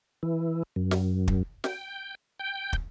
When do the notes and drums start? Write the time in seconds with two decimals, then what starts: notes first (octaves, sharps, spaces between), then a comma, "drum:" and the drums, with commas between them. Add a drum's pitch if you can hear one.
0.23 E3
0.76 F#2
0.91 drum: snare
1.28 drum: kick
1.64 G5, drum: snare
2.40 G5
2.73 drum: kick